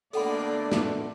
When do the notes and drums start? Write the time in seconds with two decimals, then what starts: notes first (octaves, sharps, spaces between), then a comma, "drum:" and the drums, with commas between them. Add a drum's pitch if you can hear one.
0.13 B2 D3 A3 A#3 A4 D5 F#5 B5, drum: open hi-hat
0.72 drum: snare